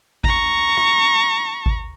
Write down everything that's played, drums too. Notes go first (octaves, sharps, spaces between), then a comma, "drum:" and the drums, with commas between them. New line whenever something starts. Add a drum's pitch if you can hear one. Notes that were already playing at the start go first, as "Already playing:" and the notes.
A#5 C#6, drum: kick G#1
drum: rim click
drum: kick G#1